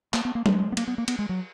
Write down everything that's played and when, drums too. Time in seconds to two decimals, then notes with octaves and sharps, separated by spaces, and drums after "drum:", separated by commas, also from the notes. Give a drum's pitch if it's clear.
0.14 A#3, drum: clap
0.25 B3
0.35 A#3
0.46 G#3, drum: tom F#3
0.72 B3
0.77 A#3, drum: cymbal
0.88 B3
0.98 A#3
1.08 B3, drum: cymbal
1.19 G#3
1.29 F#3